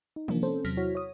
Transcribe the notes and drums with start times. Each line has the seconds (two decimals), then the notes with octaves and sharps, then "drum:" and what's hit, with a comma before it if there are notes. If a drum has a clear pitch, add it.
0.16 D#4
0.28 C3 F3 A#3 D4, drum: tom
0.43 C4 C#4 A4 C5
0.65 E2 C3 F#3 F6 A#6 B6, drum: open hi-hat
0.77 E4 F#4 C#5
0.95 C#5 D#6